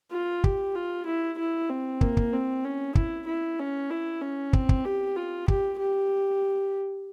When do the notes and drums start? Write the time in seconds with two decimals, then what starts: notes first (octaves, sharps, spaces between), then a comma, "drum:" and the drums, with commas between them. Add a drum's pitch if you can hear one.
0.12 F4
0.44 G4, drum: kick
0.75 F4
1.06 E4
1.38 E4
1.70 C4
2.01 A#3, drum: kick
2.17 drum: kick
2.33 C4
2.64 C#4
2.95 E4, drum: kick
3.27 E4
3.59 C#4
3.90 E4
4.21 C#4
4.53 C4, drum: kick
4.69 drum: kick
4.85 G4
5.16 F4
5.48 G4, drum: kick
5.79 G4